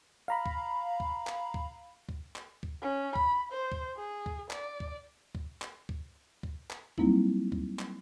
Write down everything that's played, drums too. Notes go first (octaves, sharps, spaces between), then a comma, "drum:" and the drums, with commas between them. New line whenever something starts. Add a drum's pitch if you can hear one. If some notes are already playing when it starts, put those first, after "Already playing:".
F5 A#5 B5
drum: kick
drum: kick
drum: clap
drum: kick
drum: kick
drum: clap
drum: kick
C#4
B5, drum: kick
C5
drum: kick
G#4
drum: kick
D5, drum: clap
drum: kick
drum: kick
drum: clap
drum: kick
drum: kick
drum: clap
F#3 G3 A#3 C4 D#4 E4, drum: kick
drum: kick
drum: clap